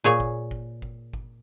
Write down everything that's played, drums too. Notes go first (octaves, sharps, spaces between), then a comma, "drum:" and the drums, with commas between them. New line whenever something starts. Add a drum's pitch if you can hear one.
A#2 G#4 C#5
drum: kick G1
drum: kick G1
drum: kick G1
drum: kick G1